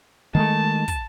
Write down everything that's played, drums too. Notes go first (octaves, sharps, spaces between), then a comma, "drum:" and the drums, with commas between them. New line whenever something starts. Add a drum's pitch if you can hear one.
D#3 G#3 A3 A5
drum: kick, hi-hat